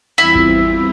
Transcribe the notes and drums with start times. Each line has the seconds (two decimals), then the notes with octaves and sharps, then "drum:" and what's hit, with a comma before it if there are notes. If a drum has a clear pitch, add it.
0.18 E2 E3 G3 C4 E4 F4
0.35 drum: kick G#1